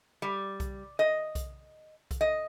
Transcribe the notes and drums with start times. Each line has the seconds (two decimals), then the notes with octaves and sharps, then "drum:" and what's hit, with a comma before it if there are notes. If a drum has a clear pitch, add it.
0.22 G3
0.60 drum: kick B1, hi-hat
0.99 D#5
1.35 drum: kick B1, hi-hat
2.11 drum: kick B1, hi-hat
2.21 D#5